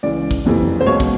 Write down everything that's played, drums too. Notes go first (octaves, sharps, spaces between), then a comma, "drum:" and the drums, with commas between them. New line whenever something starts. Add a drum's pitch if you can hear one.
C#2 C#3 E3 D5
drum: kick
F#1 F2 C3 E3
C5
C#2 B2 C#5
drum: kick